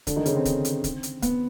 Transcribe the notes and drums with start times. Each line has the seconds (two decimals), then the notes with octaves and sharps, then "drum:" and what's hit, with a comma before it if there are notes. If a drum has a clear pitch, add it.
0.07 D3 D4, drum: kick C#1, hi-hat
0.16 D#3 D#4
0.26 C#3 C#4, drum: hi-hat
0.36 C4
0.45 drum: kick C#1, hi-hat
0.65 drum: hi-hat
0.84 drum: kick C#1, hi-hat
1.03 drum: hi-hat
1.22 B3, drum: kick C#1, hi-hat